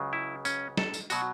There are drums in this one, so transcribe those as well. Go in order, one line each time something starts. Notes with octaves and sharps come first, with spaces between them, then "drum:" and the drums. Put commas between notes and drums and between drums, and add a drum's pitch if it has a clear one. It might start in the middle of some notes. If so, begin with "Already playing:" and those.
Already playing: C#2 C#3 F#3
E4
C#4, drum: tambourine
A4, drum: snare
drum: tambourine
B2 F#3 F#4, drum: tambourine